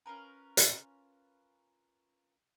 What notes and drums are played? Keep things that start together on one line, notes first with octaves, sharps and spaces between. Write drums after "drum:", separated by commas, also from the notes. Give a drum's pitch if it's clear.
C#4 F4 A#4 B4
drum: hi-hat